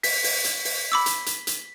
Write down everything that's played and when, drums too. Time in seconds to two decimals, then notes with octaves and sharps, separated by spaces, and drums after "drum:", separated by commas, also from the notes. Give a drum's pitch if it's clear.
0.03 B6, drum: open hi-hat
0.24 drum: open hi-hat
0.44 drum: hi-hat
0.65 drum: open hi-hat
0.92 B5 D6 E6
1.06 drum: hi-hat
1.26 drum: hi-hat
1.47 drum: hi-hat